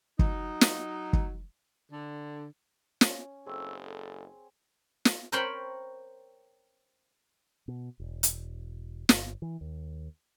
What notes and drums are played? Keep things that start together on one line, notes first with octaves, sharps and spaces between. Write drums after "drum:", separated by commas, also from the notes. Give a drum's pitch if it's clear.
F#3 D#4, drum: kick
drum: snare
drum: kick
D3
C#4, drum: snare
F#1 C4 G#4 A4 C#6 E6
A4
drum: snare
A#4 C5 C#5 G5 B5 C6
B2
E1
drum: hi-hat
G1, drum: snare
E3
D#2